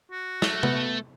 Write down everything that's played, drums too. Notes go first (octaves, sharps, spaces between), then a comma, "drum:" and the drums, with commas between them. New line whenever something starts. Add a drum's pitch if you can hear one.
F#4
A3, drum: snare
B3, drum: tom C3